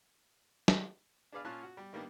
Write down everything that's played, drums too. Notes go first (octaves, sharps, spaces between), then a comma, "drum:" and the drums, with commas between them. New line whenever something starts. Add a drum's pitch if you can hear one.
drum: snare
D4 G#4 B4 D5 F5
A#2 C#4 F4 A5 C#6 F#6
F#4
G3
D#3 G3 A#3 B3 D4